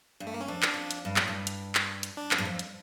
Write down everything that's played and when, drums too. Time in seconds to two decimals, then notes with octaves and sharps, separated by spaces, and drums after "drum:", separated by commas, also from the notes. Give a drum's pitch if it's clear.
0.20 G2
0.27 A3
0.34 A#3
0.41 C#4
0.48 F2 D4
0.62 drum: clap
0.74 F2
0.91 drum: hi-hat
1.05 G2
1.16 A2, drum: clap
1.28 G2
1.47 drum: hi-hat
1.75 drum: clap
2.03 drum: hi-hat
2.17 D4
2.31 F2, drum: clap
2.38 G2
2.45 F2
2.59 drum: hi-hat